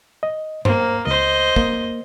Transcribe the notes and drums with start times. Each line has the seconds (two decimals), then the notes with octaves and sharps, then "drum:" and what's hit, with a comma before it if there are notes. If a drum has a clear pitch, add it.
0.23 D#5
0.65 A#3 C5, drum: tom G2
1.07 C#2 C5 D#5
1.56 A#3, drum: kick